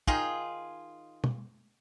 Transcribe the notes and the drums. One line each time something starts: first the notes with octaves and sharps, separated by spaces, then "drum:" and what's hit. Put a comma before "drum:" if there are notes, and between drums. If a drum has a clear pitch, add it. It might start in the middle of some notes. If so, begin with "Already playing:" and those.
D#3 D#4 F4 G#4, drum: kick
drum: tom